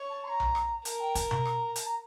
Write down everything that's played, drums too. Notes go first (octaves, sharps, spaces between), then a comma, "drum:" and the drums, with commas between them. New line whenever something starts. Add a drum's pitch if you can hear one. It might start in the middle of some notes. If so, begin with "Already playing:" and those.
Already playing: C#5
A5
C6
A#5
drum: tom B1
drum: rim click
A#4 A5, drum: hi-hat
G5
A5, drum: kick, hi-hat
A#5, drum: tom B2
drum: rim click
A5, drum: hi-hat
A#5